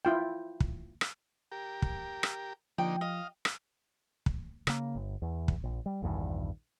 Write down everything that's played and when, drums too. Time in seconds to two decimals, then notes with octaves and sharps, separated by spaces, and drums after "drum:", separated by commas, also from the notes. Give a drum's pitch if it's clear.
0.05 E4 F4 G5
0.60 drum: kick
1.01 drum: rim click
1.52 G4 A#4
1.82 drum: kick
2.23 drum: rim click
2.78 D3 F3 A#3 D#4 G5
3.01 D#5 F5
3.45 drum: rim click
4.26 drum: kick
4.67 C#3 A#3, drum: rim click
4.95 G1
5.22 E2
5.48 drum: kick
5.64 A#1
5.86 G3
6.02 A#1 E2 G2 D#3